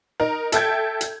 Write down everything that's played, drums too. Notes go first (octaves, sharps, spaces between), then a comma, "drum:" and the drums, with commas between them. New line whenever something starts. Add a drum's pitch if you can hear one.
D#4 A#4
A4 E5 G5 A5 G6 G#6, drum: hi-hat
drum: hi-hat